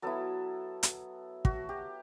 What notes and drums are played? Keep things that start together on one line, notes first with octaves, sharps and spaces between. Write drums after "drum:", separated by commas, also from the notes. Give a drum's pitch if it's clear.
F#3 B3 E4 A4
drum: hi-hat
F#4, drum: kick
G4